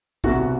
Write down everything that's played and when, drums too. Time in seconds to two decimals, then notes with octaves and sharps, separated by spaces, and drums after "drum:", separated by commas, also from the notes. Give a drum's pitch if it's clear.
0.24 C2 B2 F#4, drum: kick